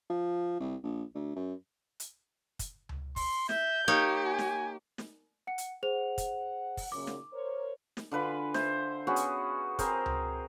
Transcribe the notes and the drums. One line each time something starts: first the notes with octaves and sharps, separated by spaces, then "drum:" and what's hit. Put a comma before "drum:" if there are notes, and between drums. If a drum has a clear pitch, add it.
F3
C2
A#1
D2
F#2
drum: hi-hat
drum: kick, hi-hat
drum: tom C#2
C6, drum: kick, open hi-hat
E5 G6, drum: snare
A#3 D#4 G4 C#5
G#5
drum: snare
drum: snare
F#5 C#7
drum: hi-hat
G#4 C5 F#5 F7
drum: kick, hi-hat
drum: kick, open hi-hat
F#2 A#2 C#3 D6
drum: snare
A#4 C5 C#5
drum: snare
D3 F4 B4 G#5
C5 E5, drum: snare
B3 C#4 F#4 G#4
drum: hi-hat
C4 G#4 A#4 C5, drum: kick, hi-hat
drum: tom C#2